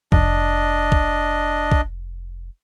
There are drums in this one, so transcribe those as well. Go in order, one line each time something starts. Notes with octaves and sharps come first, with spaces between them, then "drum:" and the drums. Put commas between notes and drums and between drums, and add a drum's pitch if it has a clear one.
F1 D4 D#5, drum: kick A#1
drum: kick A#1
drum: kick A#1